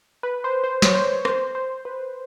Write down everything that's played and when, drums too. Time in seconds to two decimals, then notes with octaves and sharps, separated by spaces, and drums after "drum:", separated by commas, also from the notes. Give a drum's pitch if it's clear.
0.23 B4
0.44 C5
0.64 C5
0.82 C#5, drum: snare
0.95 C5
1.25 C5, drum: rim click
1.55 C5
1.85 B4